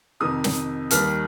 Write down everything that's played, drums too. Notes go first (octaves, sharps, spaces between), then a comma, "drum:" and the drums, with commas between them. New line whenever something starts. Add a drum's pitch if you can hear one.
F2 C3 D#3 D#6
drum: snare
D#2 D#3 G3 F6, drum: hi-hat